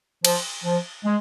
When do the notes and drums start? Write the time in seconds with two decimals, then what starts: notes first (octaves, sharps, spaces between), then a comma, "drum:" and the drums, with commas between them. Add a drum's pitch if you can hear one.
0.25 F3, drum: cymbal
0.64 F3
1.05 G#3